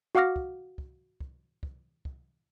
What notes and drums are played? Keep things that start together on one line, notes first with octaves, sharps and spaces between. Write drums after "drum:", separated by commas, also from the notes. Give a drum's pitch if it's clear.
F#4 F5 F#5 D6 F6 A#6
drum: kick
drum: kick
drum: kick
drum: kick
drum: kick